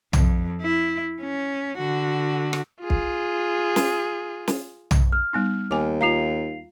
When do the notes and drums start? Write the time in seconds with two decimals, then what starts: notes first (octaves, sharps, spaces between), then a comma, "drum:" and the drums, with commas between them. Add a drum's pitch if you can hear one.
0.13 F2, drum: tom
0.61 E4
1.21 C#4
1.78 D3 F#4
2.53 drum: rim click
2.81 F4 G#4
2.90 drum: kick B1
3.76 drum: snare
4.48 drum: snare
4.91 drum: tom
5.12 F6
5.33 G3 B3 D#4
5.71 D#2 G#5 D6
6.01 F4 F5 A#5 C7 F7